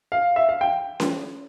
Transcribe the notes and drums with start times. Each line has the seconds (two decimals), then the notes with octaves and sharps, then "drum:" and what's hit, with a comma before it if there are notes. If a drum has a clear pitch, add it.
0.12 F5
0.36 E5
0.49 F5
0.61 G5
1.00 drum: snare C#4